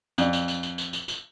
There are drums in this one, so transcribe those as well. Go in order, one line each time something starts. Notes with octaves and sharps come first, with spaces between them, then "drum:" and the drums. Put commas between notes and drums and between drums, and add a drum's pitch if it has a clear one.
F2 D5, drum: tambourine
drum: tambourine
drum: tambourine
drum: tambourine
drum: tambourine
drum: tambourine
drum: tambourine